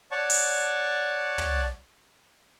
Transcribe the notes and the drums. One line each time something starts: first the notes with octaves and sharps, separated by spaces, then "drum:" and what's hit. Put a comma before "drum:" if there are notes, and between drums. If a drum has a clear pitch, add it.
C#5 D5 F#5 A5 C#6
drum: open hi-hat
drum: tom